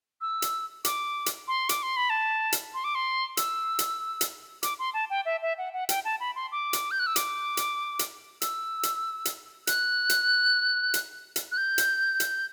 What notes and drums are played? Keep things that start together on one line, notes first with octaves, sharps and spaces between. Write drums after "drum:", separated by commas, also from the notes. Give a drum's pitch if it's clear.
E6
drum: hi-hat
D6, drum: hi-hat
drum: hi-hat
C6
D6, drum: hi-hat
C6
B5
A5
drum: hi-hat
C6
D6
C6
E6, drum: hi-hat
drum: hi-hat
drum: hi-hat
D6, drum: hi-hat
C6
A5
G5
E5
E5
F#5
F#5
G5, drum: hi-hat
A5
B5
C6
D6
drum: hi-hat
G6
F#6
E6
D6, drum: hi-hat
drum: hi-hat
drum: hi-hat
E6, drum: hi-hat
drum: hi-hat
drum: hi-hat
F#6, drum: hi-hat
drum: hi-hat
drum: hi-hat
drum: hi-hat
F#6
G6
drum: hi-hat
drum: hi-hat